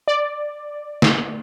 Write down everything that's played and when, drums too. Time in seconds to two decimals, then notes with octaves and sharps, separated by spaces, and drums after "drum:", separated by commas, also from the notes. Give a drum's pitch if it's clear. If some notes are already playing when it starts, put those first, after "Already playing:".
0.08 D5
1.02 drum: snare